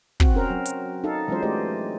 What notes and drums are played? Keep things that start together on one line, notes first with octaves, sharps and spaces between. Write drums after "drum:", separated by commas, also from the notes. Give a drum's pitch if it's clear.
C4 F#4, drum: kick
C#4 A#4 C5
F#3
drum: hi-hat
D#4 A4 F5
E3 F#3 G#3 C#4 F4 C5
A3 G4 C5 D5 D#5